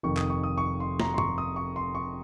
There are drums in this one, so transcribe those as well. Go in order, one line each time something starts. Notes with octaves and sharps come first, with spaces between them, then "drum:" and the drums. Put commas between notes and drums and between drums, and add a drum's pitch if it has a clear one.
F1 F2 D#3 C#6
D#6, drum: clap
C#6
D#6
C#6
C6
A#5, drum: snare
C6
C#6, drum: tom
D#6
C#6
C6
C#6